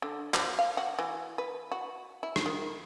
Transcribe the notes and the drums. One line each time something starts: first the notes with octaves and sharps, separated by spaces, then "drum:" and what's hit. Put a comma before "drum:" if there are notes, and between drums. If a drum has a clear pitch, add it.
D3
F3, drum: clap
F5
F#4
E3
B4
F#4
E4
drum: rim click
D#3